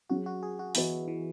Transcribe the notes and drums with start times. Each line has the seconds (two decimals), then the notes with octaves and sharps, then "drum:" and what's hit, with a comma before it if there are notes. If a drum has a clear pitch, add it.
0.10 F#3 C#4 F#4 G#4
0.26 F#4
0.43 G#4
0.59 F#4
0.75 E3 B3 E4 F#4 B4 D#5, drum: open hi-hat
1.08 E3